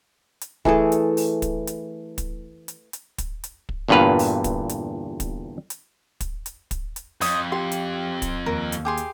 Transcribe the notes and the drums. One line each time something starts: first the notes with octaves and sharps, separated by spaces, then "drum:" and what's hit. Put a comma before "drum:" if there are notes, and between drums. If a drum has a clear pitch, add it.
drum: hi-hat
E3 A3 G#4 A4, drum: kick
drum: hi-hat
drum: open hi-hat
drum: kick, hi-hat
drum: hi-hat
drum: kick, hi-hat
drum: hi-hat
drum: hi-hat
drum: kick, hi-hat
drum: hi-hat
drum: kick
G1 E2 G2 A#2 B4 F5
drum: open hi-hat
drum: kick, hi-hat
drum: hi-hat
drum: kick, hi-hat
drum: hi-hat
drum: kick, hi-hat
drum: hi-hat
drum: kick, hi-hat
drum: hi-hat
F2 C#5 D#5 D#6, drum: open hi-hat
G4 C6
drum: hi-hat
drum: kick, hi-hat
D#2 A#4
drum: hi-hat
G4 G#4 C6
drum: hi-hat